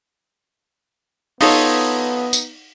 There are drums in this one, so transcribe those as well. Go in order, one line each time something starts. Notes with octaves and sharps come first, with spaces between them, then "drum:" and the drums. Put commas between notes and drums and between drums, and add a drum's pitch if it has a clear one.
B3 D#4 F4 A4 C#5, drum: open hi-hat
drum: tambourine